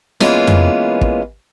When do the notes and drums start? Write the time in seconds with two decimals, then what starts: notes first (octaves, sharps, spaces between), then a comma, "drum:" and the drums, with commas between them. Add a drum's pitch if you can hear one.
0.20 E3 G#3 A#3 B3 C#4 F4, drum: snare
0.47 drum: tom F2
1.01 drum: kick